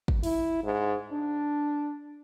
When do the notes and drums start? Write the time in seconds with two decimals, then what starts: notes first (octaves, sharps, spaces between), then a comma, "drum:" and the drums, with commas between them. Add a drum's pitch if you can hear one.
0.08 drum: kick
0.23 E4, drum: open hi-hat
0.64 G#2
1.12 D4